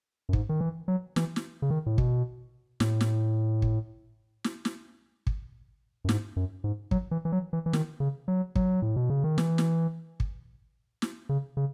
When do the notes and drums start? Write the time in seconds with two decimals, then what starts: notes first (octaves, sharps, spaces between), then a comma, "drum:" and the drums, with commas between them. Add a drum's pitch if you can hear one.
0.29 F#2
0.33 G#2, drum: kick
0.49 D#3
0.61 E3
0.88 F#3
1.16 E3, drum: snare
1.36 drum: snare
1.62 C#3
1.70 D#3
1.86 A2
1.98 B2, drum: kick
2.80 A2, drum: snare
3.01 drum: snare
3.62 drum: kick
4.44 drum: snare
4.65 drum: snare
5.27 drum: kick
6.05 F#2
6.09 G#2, drum: snare
6.36 F#2
6.64 G#2
6.91 F#3, drum: kick
7.11 E3
7.25 E3
7.32 F#3
7.53 E3
7.66 E3
7.73 D#3, drum: snare
8.00 C#3
8.28 F#3
8.55 F#3, drum: kick
8.82 A2
8.96 B2
9.10 C#3
9.24 D#3
9.38 E3, drum: snare
9.58 drum: snare
10.20 drum: kick
11.02 drum: snare
11.29 C#3
11.57 C#3